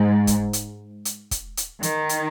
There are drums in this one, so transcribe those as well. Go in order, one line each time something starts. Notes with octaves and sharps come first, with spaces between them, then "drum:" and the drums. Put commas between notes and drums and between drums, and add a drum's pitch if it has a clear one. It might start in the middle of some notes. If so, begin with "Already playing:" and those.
Already playing: G#2
drum: kick, hi-hat
drum: hi-hat
drum: hi-hat
drum: kick, hi-hat
drum: hi-hat
D#3, drum: hi-hat
drum: hi-hat